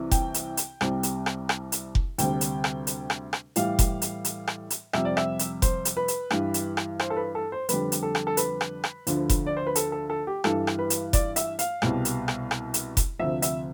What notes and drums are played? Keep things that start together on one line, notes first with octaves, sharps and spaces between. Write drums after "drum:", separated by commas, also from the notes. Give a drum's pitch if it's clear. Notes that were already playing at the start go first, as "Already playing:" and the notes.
Already playing: C2 C3 E3
G5, drum: kick F1, hi-hat
drum: hi-hat
drum: hi-hat
C2 C3 G3, drum: rim click
drum: hi-hat
drum: rim click
drum: rim click
drum: hi-hat
drum: kick F1
D2 C3 G3 G5, drum: hi-hat
drum: hi-hat
drum: rim click
drum: hi-hat
drum: rim click
drum: rim click
A2 E3 G3 F5, drum: hi-hat
drum: kick F1, hi-hat
drum: hi-hat
drum: hi-hat
drum: rim click
drum: hi-hat
F2 C3 G3 E5, drum: rim click
D5
E5, drum: rim click
drum: hi-hat
C5, drum: kick F1, hi-hat
drum: hi-hat
B4
drum: hi-hat
G2 E3 G3, drum: rim click
drum: hi-hat
drum: rim click
C5, drum: rim click
A4
B4
A4
C5
F2 D3 G3 B4, drum: hi-hat
drum: hi-hat
A4
drum: rim click
A4
B4, drum: hi-hat
drum: rim click
drum: rim click
D2 D3 F3, drum: hi-hat
drum: kick F1, hi-hat
D5
C5
B4
A4, drum: hi-hat
A4
A4
G4
G2 E3 G3 A4, drum: rim click
drum: rim click
B4
drum: hi-hat
D5, drum: kick F1, hi-hat
E5, drum: hi-hat
F5, drum: hi-hat
C2 B2 G3, drum: rim click
drum: hi-hat
drum: rim click
drum: rim click
drum: hi-hat
drum: kick F1, hi-hat
D2 C3 F3 E5
E5, drum: hi-hat